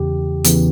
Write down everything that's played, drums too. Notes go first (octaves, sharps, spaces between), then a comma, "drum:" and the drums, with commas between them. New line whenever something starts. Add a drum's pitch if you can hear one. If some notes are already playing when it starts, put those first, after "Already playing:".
Already playing: E2 C#3 E3 G4
E2 C#3 E3, drum: hi-hat